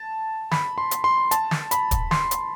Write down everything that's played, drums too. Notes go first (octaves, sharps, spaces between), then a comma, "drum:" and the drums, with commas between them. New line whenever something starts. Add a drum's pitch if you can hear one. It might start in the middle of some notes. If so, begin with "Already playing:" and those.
Already playing: A5
B5, drum: snare
C6
drum: hi-hat
C6
A5, drum: hi-hat
drum: snare
B5, drum: hi-hat
drum: kick, hi-hat
C6, drum: snare
drum: hi-hat